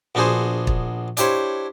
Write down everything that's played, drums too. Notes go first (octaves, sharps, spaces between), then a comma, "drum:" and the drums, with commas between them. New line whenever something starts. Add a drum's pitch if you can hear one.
A#1 B3 D4 F#4 G#4 C5
drum: kick
D4 E4 G4 C5 C#5, drum: hi-hat